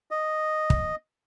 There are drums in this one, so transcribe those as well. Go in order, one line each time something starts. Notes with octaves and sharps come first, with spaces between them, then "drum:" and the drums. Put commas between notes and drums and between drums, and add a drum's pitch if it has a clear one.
D#5
drum: kick